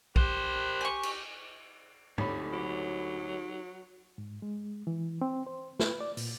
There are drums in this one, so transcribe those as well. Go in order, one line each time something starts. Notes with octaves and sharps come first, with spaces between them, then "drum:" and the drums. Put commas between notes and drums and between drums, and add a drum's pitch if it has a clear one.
G4 A#4 C5 F#6, drum: kick B1
G#5 C#6
drum: cymbal
D2 D#4 G4 A4 C#5 B5, drum: tom
F#3
G#2
G#3
E3
C4
C5
B4, drum: snare
D5
A#2, drum: open hi-hat